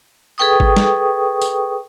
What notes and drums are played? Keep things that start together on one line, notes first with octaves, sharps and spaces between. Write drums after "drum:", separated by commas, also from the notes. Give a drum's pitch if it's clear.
G#4 A4 B4 G5 C#6 D#6
drum: kick G#1
drum: snare
drum: tambourine